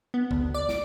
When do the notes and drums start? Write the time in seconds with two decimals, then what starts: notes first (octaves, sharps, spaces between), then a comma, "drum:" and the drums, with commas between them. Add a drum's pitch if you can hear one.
0.14 B3
0.31 D2, drum: kick
0.54 D5
0.69 D7, drum: snare